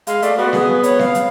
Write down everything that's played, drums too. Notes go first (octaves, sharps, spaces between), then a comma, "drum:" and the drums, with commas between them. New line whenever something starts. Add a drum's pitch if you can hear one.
G#3 F5, drum: hi-hat
A3 D5, drum: hi-hat
B3 F#4
G#4, drum: snare C4
C#5, drum: hi-hat
F5, drum: snare C4
drum: hi-hat